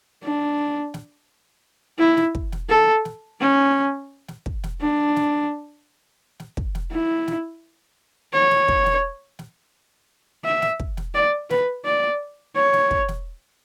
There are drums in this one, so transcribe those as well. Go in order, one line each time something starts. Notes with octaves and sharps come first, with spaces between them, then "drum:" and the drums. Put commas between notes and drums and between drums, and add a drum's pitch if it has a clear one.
D4
drum: snare
E4
drum: snare
drum: kick
drum: snare
A4
drum: snare
C#4
drum: snare
drum: kick
drum: snare
D4
drum: snare
drum: snare
drum: kick
drum: snare
E4
drum: snare
C#5
drum: snare
drum: kick
drum: snare
drum: snare
E5
drum: snare
drum: kick
drum: snare
D5
B4, drum: snare
D5
C#5
drum: snare
drum: kick
drum: snare